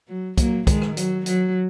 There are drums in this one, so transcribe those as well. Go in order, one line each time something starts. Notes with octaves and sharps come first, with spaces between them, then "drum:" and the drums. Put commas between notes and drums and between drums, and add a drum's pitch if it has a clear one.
F#3
F#3 A#3, drum: kick, hi-hat
D#3 G#3, drum: kick, hi-hat
drum: rim click
F#3, drum: hi-hat
F#3, drum: hi-hat